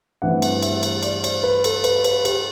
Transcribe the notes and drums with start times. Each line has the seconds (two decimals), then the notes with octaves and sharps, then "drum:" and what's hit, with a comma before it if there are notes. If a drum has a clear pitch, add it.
0.22 G2 E3 A3 C4 F#5
0.42 drum: cymbal
0.62 E5, drum: cymbal
0.83 drum: cymbal
1.03 D5, drum: cymbal
1.24 C5, drum: cymbal
1.43 B4
1.64 A4, drum: cymbal
1.84 B4, drum: cymbal
2.04 B4, drum: cymbal
2.25 G4, drum: cymbal